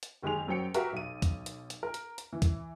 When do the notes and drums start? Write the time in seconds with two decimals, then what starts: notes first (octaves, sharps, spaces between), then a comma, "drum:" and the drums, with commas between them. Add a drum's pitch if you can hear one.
0.03 drum: hi-hat
0.23 F#1 D#3 G#3 G4 G#4 F7
0.47 F#2 F#3 C5 G5 C#7
0.74 F#4 G4 A#4 B4 E5 F5, drum: hi-hat
0.92 B1 D#7
1.22 drum: kick, hi-hat
1.46 drum: hi-hat
1.70 drum: hi-hat
1.83 A#4
1.94 drum: hi-hat
2.18 drum: hi-hat
2.33 E3
2.42 drum: kick, hi-hat